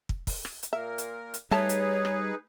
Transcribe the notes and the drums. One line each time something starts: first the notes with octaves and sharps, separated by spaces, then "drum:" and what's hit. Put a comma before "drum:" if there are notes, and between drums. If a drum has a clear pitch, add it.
drum: kick
drum: kick, open hi-hat
drum: rim click
drum: hi-hat
A#2 A#3 A#4 E5
drum: hi-hat
drum: hi-hat
G3 A3 D#4 G#4 B4 C#5 A5
drum: hi-hat
drum: rim click